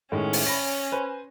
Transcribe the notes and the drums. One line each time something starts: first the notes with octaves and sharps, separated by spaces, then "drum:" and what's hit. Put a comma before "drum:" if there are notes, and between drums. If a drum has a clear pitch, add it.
A2 D#3 G#3 C#4
drum: open hi-hat
B5 A#6
B4 C5 G#5